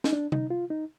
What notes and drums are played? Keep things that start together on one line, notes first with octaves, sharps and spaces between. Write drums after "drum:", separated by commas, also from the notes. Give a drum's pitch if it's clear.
D#4, drum: snare
D4
D#4, drum: tom C3
F4
D#4